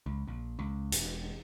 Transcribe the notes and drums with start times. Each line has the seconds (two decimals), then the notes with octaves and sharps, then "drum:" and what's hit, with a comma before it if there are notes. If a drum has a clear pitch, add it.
0.06 C#2
0.27 A#1
0.59 C#2
0.92 E1, drum: hi-hat